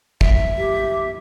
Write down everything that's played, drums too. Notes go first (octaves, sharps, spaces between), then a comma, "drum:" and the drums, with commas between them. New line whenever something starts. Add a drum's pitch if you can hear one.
E5, drum: kick
G4